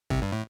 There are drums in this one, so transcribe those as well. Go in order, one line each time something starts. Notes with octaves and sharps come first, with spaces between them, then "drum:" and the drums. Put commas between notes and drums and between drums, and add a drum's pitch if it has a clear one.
C2 C3, drum: kick
G2
A2